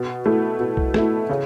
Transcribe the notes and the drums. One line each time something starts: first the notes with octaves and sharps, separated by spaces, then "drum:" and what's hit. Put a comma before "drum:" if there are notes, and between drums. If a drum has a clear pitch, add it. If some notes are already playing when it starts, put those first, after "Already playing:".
Already playing: B2
A3 E4
B2
drum: kick B1
A3 E4, drum: rim click
C#3